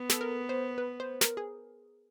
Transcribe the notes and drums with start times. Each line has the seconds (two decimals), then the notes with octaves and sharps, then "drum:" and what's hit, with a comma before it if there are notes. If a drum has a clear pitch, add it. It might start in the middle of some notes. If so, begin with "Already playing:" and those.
Already playing: B3
0.10 A4, drum: snare
0.21 A#4
0.49 C5
0.78 B4
1.00 C5
1.21 A#4, drum: snare
1.37 G#4